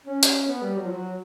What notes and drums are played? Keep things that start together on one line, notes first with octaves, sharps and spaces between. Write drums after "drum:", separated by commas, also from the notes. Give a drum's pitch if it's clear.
C#4
drum: hi-hat
B3
G3
F#3
F3
F#3